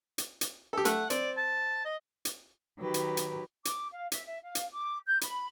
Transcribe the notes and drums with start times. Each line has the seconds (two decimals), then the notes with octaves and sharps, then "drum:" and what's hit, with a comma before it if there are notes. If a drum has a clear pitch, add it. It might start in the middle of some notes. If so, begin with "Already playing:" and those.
0.18 drum: hi-hat
0.41 drum: hi-hat
0.73 G4 A4
0.85 A3 F#5, drum: hi-hat
1.10 C4 D5, drum: hi-hat
1.37 A5
1.85 D#5
2.25 drum: hi-hat
2.79 D#3 F#3 G4 B4
2.94 drum: hi-hat
3.17 drum: hi-hat
3.65 D6, drum: hi-hat
3.91 F5
4.12 E5, drum: hi-hat
4.26 E5
4.43 F5
4.55 drum: hi-hat
4.73 D6
5.06 G6
5.21 B5, drum: hi-hat